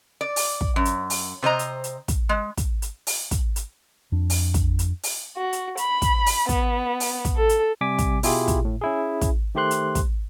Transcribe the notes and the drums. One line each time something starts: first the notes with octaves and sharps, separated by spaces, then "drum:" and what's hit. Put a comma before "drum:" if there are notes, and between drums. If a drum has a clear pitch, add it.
D5
drum: open hi-hat
drum: kick
F#2
drum: hi-hat
drum: open hi-hat
C3 C5 D#5 A#5
drum: hi-hat
drum: hi-hat
drum: kick, hi-hat
G#3
drum: kick, hi-hat
drum: hi-hat
drum: open hi-hat
drum: kick, hi-hat
drum: hi-hat
F2 D4
drum: open hi-hat
drum: kick, hi-hat
drum: hi-hat
drum: open hi-hat
F#4
drum: hi-hat
B5, drum: hi-hat
drum: kick, hi-hat
drum: open hi-hat
B3, drum: kick, hi-hat
drum: open hi-hat
drum: kick, hi-hat
A4
drum: hi-hat
C3 G3 G#5 D6 B6
drum: kick, hi-hat
B2 E4 F4 G4 G#4, drum: open hi-hat
drum: kick, hi-hat
A2
C#4 E4 G#4
drum: kick, hi-hat
D#3 A3 G4 C5 C6 F#6
drum: hi-hat
drum: kick, hi-hat